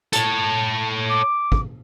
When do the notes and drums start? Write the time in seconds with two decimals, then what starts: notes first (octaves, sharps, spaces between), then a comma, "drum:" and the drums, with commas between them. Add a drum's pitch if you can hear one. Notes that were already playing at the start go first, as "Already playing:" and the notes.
0.13 A4 C#5 A5, drum: hi-hat
1.09 D6
1.52 drum: kick